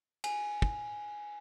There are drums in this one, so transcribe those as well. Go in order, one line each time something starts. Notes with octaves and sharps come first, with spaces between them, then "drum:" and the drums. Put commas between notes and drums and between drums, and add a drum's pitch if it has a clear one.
G#5, drum: cymbal
drum: kick